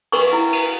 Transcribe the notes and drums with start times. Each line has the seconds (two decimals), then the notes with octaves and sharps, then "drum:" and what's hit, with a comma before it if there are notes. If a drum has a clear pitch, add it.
0.12 B4 C#6, drum: cymbal
0.33 E4
0.52 B4, drum: cymbal